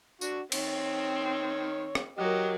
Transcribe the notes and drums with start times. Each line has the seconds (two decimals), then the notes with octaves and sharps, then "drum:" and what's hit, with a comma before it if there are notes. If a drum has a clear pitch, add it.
0.21 D4 F#4, drum: tambourine
0.52 D#3 C4 C#5, drum: cymbal
1.95 drum: rim click
2.19 F#3 G4 A#4 D#5